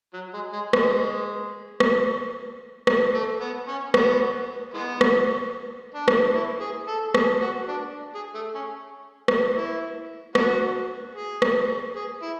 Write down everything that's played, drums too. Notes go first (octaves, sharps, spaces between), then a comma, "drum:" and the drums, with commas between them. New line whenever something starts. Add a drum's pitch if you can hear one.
F#3
G#3
G#3
G#3, drum: rim click
drum: rim click
drum: rim click
A3
B3
C#4
B3, drum: rim click
E3 G#3 B3
drum: rim click
D4
drum: rim click
E4
G#4
A4
G#4, drum: rim click
F#4
D4
G#4
A3
C#4
drum: rim click
E4
B3 D4 F#4, drum: rim click
G#4
drum: rim click
G#4
E4